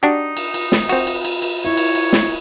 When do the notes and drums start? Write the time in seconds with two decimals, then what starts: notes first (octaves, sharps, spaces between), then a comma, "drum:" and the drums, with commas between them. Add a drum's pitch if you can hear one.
0.03 D4 D#4 F#4 G4
0.37 drum: cymbal
0.54 drum: cymbal
0.72 drum: snare
0.89 C4 F#4, drum: cymbal
1.07 drum: cymbal
1.25 drum: cymbal
1.42 drum: cymbal
1.65 E4 C#5
1.77 drum: cymbal
1.95 drum: cymbal
2.13 drum: snare